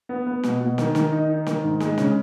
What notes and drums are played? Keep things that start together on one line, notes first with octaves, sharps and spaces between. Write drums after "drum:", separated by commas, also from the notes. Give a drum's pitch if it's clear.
B3
B3
B2, drum: snare
B2
D#3, drum: snare
D#3, drum: snare
D#4
D#4
D#3, drum: snare
G#2
G#3, drum: snare
C#3, drum: snare